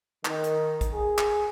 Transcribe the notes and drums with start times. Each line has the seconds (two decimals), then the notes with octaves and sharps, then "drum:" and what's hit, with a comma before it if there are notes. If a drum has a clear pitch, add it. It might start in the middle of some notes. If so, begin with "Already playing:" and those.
0.25 D#3, drum: clap
0.44 drum: hi-hat
0.81 drum: kick, hi-hat
0.92 G#4
1.18 drum: clap